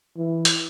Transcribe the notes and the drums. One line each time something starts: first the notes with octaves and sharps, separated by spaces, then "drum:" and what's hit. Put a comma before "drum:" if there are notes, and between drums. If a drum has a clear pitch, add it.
E3
drum: hi-hat